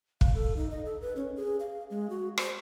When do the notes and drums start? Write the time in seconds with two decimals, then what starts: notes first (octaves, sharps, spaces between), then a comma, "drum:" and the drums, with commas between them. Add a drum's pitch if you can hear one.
0.21 F5, drum: kick
0.35 A4
0.56 D#4
0.70 D#5
0.85 A4
1.01 B4
1.16 C#4
1.36 G#4
1.60 F5
1.90 G#3
2.10 F#4
2.38 C5, drum: rim click